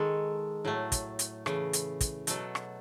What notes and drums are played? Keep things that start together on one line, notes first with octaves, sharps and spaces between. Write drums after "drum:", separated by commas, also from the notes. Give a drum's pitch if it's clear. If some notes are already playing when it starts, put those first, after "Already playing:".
Already playing: D#3 G#3 A4
A2 F#3 A3
drum: kick, hi-hat
drum: hi-hat
C#3 E3 A3, drum: rim click
drum: hi-hat
drum: kick, hi-hat
B2 F#3 A3 A4, drum: hi-hat
drum: rim click